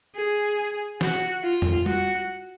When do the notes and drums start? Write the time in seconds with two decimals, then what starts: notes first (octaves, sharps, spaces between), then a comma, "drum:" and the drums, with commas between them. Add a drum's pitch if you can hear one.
0.16 G#4
1.01 F#4, drum: snare
1.43 F4
1.62 drum: tom F2
1.86 F#4, drum: tom G3